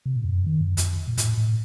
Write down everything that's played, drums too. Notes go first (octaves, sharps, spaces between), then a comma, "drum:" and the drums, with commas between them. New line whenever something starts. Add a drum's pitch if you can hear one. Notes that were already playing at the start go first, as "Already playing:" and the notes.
C3
A#2
F2
F#2
D#3
F#2
F2, drum: hi-hat
A#2
A2, drum: hi-hat
A2